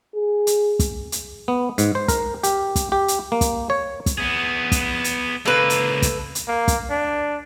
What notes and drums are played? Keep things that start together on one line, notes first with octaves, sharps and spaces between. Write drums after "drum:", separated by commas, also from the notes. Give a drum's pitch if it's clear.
G#4
drum: hi-hat
drum: kick, hi-hat
drum: hi-hat
B3
G#2, drum: hi-hat
C5
A#4, drum: kick, hi-hat
G4, drum: hi-hat
drum: kick, hi-hat
G4
drum: hi-hat
A#3
drum: kick, hi-hat
C#5
drum: kick, hi-hat
B3 G#4
drum: kick, hi-hat
drum: hi-hat
C#2 A#3 A4 B4
drum: hi-hat
drum: kick, hi-hat
drum: hi-hat
A#3
drum: kick, hi-hat
D4